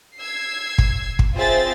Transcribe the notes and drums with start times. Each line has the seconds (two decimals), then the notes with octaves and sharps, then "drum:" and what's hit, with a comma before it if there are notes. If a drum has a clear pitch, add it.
0.17 E6 G#6 C7
0.78 drum: kick
1.19 drum: kick
1.36 C4 F4 G#4 C5 E5 A6